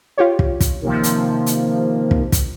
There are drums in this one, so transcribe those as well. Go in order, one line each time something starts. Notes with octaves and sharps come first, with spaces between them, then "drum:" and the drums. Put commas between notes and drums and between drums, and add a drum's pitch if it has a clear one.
F4 G4 C#5
drum: kick
drum: kick, hi-hat
C3 D#3 F3 A#3
drum: hi-hat
drum: hi-hat
drum: kick
drum: kick, hi-hat